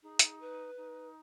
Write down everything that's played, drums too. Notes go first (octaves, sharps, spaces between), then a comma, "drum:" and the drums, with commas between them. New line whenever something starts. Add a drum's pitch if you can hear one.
D#4 G#4
drum: hi-hat
B4
D#4